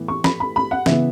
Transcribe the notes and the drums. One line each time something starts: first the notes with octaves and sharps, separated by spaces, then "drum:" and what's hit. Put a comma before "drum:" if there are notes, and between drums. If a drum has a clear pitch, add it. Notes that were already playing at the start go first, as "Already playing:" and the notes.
Already playing: A2 E3 B3
C#6
B5, drum: snare
B5
B5
F#5
C#3 E3 B3 E5, drum: snare